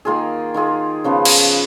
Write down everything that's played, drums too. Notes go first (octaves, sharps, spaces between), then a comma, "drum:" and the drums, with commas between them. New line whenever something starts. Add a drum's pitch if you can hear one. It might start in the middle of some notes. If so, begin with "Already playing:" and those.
D#3 A#3 F4 G#4
D#3 A#3 F4 G#4
C#3 F3 B3
drum: cymbal